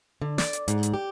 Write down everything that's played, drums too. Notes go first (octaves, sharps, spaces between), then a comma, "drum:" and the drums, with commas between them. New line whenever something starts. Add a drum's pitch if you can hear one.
D3
D5, drum: snare
drum: hi-hat
G#2, drum: hi-hat
drum: hi-hat
G4